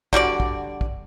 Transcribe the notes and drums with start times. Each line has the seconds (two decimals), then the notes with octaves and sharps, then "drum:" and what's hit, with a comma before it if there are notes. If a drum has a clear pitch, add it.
0.13 D3 G3 F#4 D5, drum: kick
0.40 drum: kick
0.81 drum: kick